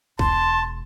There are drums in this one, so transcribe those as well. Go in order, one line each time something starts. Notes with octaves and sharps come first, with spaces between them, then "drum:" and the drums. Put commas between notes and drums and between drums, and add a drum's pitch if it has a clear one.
E1 G#3 A5 C6, drum: kick